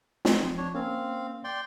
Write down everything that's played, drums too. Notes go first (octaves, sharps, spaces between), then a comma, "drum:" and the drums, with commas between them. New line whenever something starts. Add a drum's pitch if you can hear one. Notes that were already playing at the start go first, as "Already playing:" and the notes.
D#4 C#5 C6, drum: snare
F3 C4
D4 C#5
A#3 C4 C#4 F5
D5 G5 C6